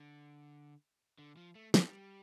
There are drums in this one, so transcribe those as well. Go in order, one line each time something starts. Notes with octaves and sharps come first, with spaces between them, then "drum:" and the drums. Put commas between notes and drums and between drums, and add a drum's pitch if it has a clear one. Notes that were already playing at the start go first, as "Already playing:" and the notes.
Already playing: D3
D3
F3
A3
G3, drum: snare